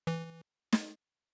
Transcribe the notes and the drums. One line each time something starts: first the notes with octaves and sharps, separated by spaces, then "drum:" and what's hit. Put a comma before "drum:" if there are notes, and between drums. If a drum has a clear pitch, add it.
E3
drum: snare